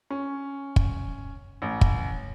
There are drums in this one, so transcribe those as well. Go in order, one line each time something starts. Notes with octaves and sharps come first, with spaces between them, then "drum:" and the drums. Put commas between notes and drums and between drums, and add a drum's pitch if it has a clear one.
C#4
drum: kick
A1
drum: kick